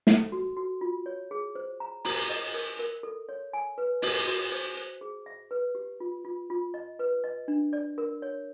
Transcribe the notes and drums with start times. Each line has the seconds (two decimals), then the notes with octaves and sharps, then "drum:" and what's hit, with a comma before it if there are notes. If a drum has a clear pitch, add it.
0.07 A4, drum: snare
0.32 F#4
0.57 F#4
0.81 F4
1.06 C#5
1.31 G#4
1.55 C5
1.80 A#5
2.05 A#5, drum: open hi-hat
2.30 D#5
2.54 A#4
2.79 A#4
3.03 A4
3.29 C#5
3.53 G#5
3.78 B4
4.02 D#5, drum: open hi-hat
4.27 F#4
4.52 C5
4.77 C5
5.01 G#4
5.26 E5
5.51 B4
5.75 G4
6.00 F4
6.25 F4
6.50 F4
6.74 D#5
6.99 B4
7.24 D#5
7.48 D4
7.73 D5
7.98 A#4
8.22 C#5